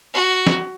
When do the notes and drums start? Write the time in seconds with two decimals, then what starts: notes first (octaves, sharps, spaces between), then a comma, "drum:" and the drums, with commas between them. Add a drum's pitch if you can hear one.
0.14 F#4
0.47 drum: snare